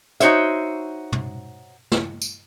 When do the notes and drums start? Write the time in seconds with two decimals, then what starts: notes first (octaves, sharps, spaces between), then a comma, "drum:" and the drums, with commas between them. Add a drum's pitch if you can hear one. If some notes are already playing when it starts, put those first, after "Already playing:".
0.20 D#4 F#4 C5 C#5 E5, drum: hi-hat
1.12 drum: tom
1.92 drum: snare
2.22 drum: tambourine